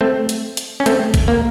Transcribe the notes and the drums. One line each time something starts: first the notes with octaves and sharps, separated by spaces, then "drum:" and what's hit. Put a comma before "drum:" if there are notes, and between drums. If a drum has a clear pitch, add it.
A3 C4
drum: hi-hat
drum: hi-hat
C#4
A3 C4, drum: hi-hat
drum: kick A#1, hi-hat
A#3